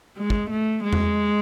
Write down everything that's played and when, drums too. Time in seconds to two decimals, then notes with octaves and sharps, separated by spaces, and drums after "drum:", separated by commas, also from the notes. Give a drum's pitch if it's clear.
0.17 G#3
0.30 drum: kick
0.50 A3
0.83 G#3
0.93 drum: tom E2